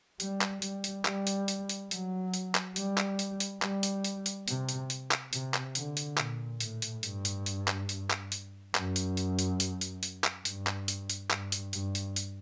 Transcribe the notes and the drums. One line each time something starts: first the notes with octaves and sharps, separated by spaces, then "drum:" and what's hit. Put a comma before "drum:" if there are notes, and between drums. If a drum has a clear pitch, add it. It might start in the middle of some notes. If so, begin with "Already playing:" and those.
G3, drum: hi-hat
drum: clap
G3, drum: hi-hat
drum: hi-hat
G3, drum: clap
drum: hi-hat
drum: hi-hat
drum: hi-hat
F#3, drum: hi-hat
drum: hi-hat
drum: clap
G3, drum: hi-hat
drum: clap
drum: hi-hat
drum: hi-hat
G3, drum: clap
drum: hi-hat
drum: hi-hat
drum: hi-hat
C3, drum: hi-hat
drum: hi-hat
drum: hi-hat
drum: clap
C3, drum: hi-hat
drum: clap
D3, drum: hi-hat
drum: hi-hat
A#2, drum: clap
A2, drum: hi-hat
drum: hi-hat
G2, drum: hi-hat
drum: hi-hat
drum: hi-hat
drum: clap
drum: hi-hat
drum: clap
drum: hi-hat
F#2, drum: clap
drum: hi-hat
drum: hi-hat
drum: hi-hat
drum: hi-hat
drum: hi-hat
drum: hi-hat
drum: clap
G2, drum: hi-hat
drum: clap
drum: hi-hat
drum: hi-hat
G2, drum: clap
drum: hi-hat
G2, drum: hi-hat
drum: hi-hat
drum: hi-hat